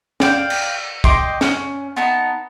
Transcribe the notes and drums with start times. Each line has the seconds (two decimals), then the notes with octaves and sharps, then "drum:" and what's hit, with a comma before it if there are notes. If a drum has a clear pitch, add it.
0.20 D5 F5 G5, drum: snare
0.50 drum: cymbal
1.04 D#5 G5 C6 D6, drum: kick
1.41 C#4, drum: snare
1.96 B3 D#4 A5